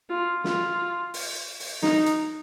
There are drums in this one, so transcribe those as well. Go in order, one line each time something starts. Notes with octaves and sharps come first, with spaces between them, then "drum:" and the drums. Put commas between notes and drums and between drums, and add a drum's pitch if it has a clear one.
F4
F4, drum: snare
drum: open hi-hat
drum: open hi-hat
D#4, drum: snare
drum: hi-hat